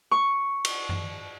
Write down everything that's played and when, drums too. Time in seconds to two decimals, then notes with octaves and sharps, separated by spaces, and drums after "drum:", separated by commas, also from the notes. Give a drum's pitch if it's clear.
0.11 C#6
0.65 drum: cymbal
0.89 drum: tom F#2